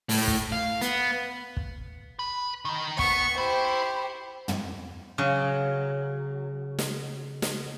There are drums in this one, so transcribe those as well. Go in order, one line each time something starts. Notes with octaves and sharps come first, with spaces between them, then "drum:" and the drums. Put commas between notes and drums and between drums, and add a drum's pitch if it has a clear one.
A2, drum: open hi-hat
drum: kick
F5
B3, drum: hi-hat
drum: kick
B4
D#3 D#4
B3 C#6, drum: kick
E4 G4 C5
drum: tom
C#3 F#3
drum: snare
drum: snare